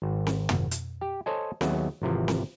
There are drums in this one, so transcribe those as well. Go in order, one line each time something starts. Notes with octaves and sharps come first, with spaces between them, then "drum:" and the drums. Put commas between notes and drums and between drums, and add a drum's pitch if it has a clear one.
G#1
drum: snare C4
drum: tom
drum: hi-hat
G4
A4 C5 C#5 D#5 G#5
D#2 F#3 B3 F#4 G#4 E5, drum: snare C4
G#1 C3 E3 F3
drum: snare C4